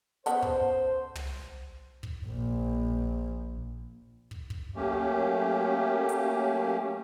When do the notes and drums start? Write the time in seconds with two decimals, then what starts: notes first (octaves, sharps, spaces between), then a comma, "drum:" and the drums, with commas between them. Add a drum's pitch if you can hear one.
0.26 C#3 B3 A4 C5, drum: hi-hat
0.42 drum: kick
1.15 drum: tom
2.03 drum: kick
2.27 A#1
4.31 drum: kick
4.50 drum: kick
4.76 F#3 A3 A#3 C#4 G4
6.09 drum: hi-hat